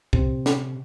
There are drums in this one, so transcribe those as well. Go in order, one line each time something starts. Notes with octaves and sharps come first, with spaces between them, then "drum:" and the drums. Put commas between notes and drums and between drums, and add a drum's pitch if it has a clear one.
C3, drum: kick
drum: snare